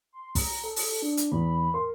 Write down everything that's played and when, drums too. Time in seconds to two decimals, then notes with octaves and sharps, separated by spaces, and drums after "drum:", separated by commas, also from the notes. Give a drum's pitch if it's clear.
0.13 C6
0.35 A#5, drum: kick, open hi-hat
0.64 A4
0.76 drum: open hi-hat
1.02 D4
1.17 drum: hi-hat
1.32 E2 B5
1.74 A#4 C6